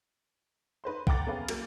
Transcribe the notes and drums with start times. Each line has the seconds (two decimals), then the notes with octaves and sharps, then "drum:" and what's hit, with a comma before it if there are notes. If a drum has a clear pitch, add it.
0.84 D#4 B4 C5 C6
1.07 F#5 G5 A#5 D6 A6, drum: kick A#1
1.27 B3 C#4 G#4 A#4 B4 F5
1.48 F#3 A#3, drum: cymbal